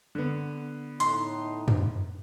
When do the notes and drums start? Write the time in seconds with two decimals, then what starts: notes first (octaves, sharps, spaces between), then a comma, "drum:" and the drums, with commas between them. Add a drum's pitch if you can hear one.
0.15 D3 B3
1.00 A2 D#4 C6, drum: hi-hat
1.68 drum: tom